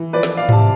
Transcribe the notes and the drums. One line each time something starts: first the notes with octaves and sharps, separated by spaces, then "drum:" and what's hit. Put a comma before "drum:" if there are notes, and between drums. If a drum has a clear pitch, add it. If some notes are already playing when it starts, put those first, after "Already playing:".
Already playing: E3
F3 B4 D5
drum: snare
D5 F5
C3 A5, drum: tom G#2